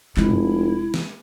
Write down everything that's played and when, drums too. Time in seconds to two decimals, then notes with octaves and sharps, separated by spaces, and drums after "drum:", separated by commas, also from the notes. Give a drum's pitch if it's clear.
0.17 F1 G#3 E4, drum: clap
0.30 drum: tom F2
0.94 drum: snare